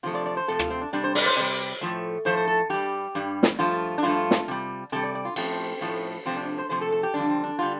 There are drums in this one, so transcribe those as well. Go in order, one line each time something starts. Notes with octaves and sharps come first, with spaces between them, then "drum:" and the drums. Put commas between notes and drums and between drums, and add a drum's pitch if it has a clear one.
C3 F3 A3 F4
D5
D5
C5
C3 F3 A3 A4
F4, drum: rim click
C4
D4
C3 G3 D4
C5
D5, drum: open hi-hat
C5
C3 G3
A2 F3 A3
A2 F3 A3 C5
C5
A4
G2 G3 G4
G2 G3
drum: snare
G2 F3 A3 F4
D4
G2 F3 A3 F4
drum: snare
C3 G3
C3 G3 A4
D5
D5
F4
A2 F3 A3 C4, drum: cymbal
A2 F3 A3
C3 F3 A3 C4
D4
C5
C3 F3 A3 C5
A4
A4
G4
F2 D3 G3 D4
C4
D4
D3 G3 F4